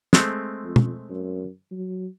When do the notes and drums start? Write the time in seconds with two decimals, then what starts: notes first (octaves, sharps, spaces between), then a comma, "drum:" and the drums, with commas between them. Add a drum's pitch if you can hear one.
0.13 G#3 A3 C4, drum: snare
0.63 F2
0.76 drum: tom
1.10 F#2
1.71 F#3